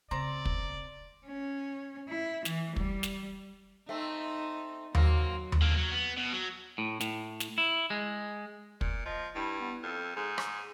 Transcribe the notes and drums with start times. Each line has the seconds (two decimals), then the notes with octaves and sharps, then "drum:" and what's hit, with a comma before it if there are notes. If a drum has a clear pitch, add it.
0.11 C#3 A3 C4 D5 A#5
0.45 drum: kick
1.27 C#4
2.09 E4
2.45 E3, drum: snare
2.76 G3, drum: kick
3.03 drum: snare
3.89 A3 C4 D#4
4.95 F#3 A#3 C4, drum: tom D#2
5.52 drum: tom D#2
5.61 D3 A#3
5.77 F#3
5.92 B3
6.17 B2
6.33 F#3
6.78 A2
7.01 A2, drum: snare
7.40 drum: snare
7.58 E4
7.90 G#3
8.81 A#2, drum: kick
9.06 F3 D#5
9.35 G2 E4
9.60 B3
9.83 F2 A4
10.16 G#2 G#4
10.38 drum: rim click